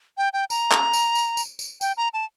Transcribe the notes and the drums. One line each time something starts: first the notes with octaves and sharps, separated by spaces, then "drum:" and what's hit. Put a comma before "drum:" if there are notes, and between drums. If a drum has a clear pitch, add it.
G5
G5
A#5, drum: tambourine
drum: clap
drum: tambourine
drum: tambourine
drum: tambourine
drum: tambourine
G5, drum: tambourine
A#5
A5